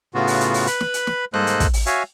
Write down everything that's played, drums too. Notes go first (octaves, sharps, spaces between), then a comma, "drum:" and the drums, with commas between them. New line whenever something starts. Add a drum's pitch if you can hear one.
A2 C#3 B3 F4 F#4
drum: open hi-hat
drum: hi-hat
drum: open hi-hat
B4 B5, drum: hi-hat
drum: snare
drum: hi-hat
drum: snare
G#2 A#3 A4 C5 D#5 F#6, drum: tom G3
drum: hi-hat
drum: kick, hi-hat
drum: open hi-hat
F#4 C#5 E5 F5 G#5, drum: hi-hat